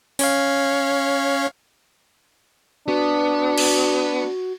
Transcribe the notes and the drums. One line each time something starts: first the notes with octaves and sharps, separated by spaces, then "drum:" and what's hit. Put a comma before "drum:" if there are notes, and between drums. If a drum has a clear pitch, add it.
C#4 C#5 F5, drum: open hi-hat
B3 D4 F#4
drum: cymbal